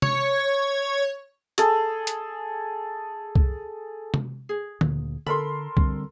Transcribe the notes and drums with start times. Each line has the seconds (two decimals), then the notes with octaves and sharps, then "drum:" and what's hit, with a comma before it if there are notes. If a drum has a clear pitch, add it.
0.02 C#5, drum: tom C3
1.58 G#4 A4, drum: hi-hat
2.07 drum: hi-hat
3.35 drum: kick C2
4.14 drum: tom C3
4.49 G#4
4.81 D2 A#2, drum: tom D3
5.26 D3 A4 A#4 B5 C6
5.77 D3 G3 C4, drum: kick C2